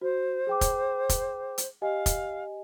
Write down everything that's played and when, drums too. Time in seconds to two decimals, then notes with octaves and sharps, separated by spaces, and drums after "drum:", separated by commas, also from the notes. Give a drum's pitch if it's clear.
0.01 F#4 C5
0.47 G#4 G5 D6
0.61 drum: kick F1, hi-hat
1.09 drum: kick F1, hi-hat
1.58 drum: hi-hat
1.82 G4 D#5 F5 G#5
2.06 drum: kick F1, hi-hat